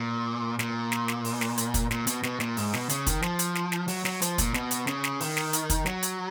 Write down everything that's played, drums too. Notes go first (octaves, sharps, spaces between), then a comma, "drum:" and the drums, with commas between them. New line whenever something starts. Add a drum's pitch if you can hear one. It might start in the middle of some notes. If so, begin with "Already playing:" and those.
Already playing: A#2
A#2, drum: snare
drum: snare
drum: snare
drum: open hi-hat
drum: snare
drum: hi-hat
drum: kick, hi-hat
A#2, drum: snare
B2, drum: hi-hat
B2, drum: snare
A#2, drum: snare
G#2, drum: open hi-hat
B2, drum: snare
C#3, drum: hi-hat
D#3, drum: kick, hi-hat
F3, drum: snare
drum: hi-hat
drum: snare
drum: snare
F#3, drum: open hi-hat
F#3, drum: snare
F3, drum: hi-hat
A#2, drum: kick, hi-hat
B2, drum: snare
drum: hi-hat
C#3, drum: snare
drum: snare
D#3, drum: open hi-hat
drum: snare
drum: hi-hat
drum: kick, hi-hat
F#3, drum: snare
drum: hi-hat